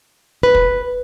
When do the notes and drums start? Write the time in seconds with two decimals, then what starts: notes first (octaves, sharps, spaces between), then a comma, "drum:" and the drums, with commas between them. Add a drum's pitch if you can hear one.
0.43 B4
0.55 drum: kick